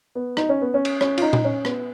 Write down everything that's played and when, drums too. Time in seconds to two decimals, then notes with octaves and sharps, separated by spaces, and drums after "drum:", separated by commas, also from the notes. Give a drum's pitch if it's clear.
0.15 B3
0.37 D#4, drum: rim click
0.49 C#4
0.62 B3
0.74 C#4
0.85 drum: cymbal
1.01 C#4, drum: rim click
1.18 F4, drum: cymbal
1.22 D#4
1.33 drum: tom A#2
1.44 C#4
1.65 B3, drum: rim click